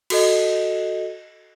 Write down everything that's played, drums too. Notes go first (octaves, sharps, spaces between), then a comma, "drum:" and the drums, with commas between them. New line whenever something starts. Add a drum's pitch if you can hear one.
F#4 A4 D#5, drum: cymbal